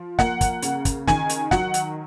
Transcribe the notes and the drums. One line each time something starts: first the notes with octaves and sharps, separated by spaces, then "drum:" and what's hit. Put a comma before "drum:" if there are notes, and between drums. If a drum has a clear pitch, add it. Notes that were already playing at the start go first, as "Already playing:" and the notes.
Already playing: F3
A#3 F#5, drum: snare
drum: kick, hi-hat
C#3, drum: hi-hat
drum: kick, hi-hat
D#3 G#5, drum: snare
drum: hi-hat
F#3 F#5, drum: snare
drum: hi-hat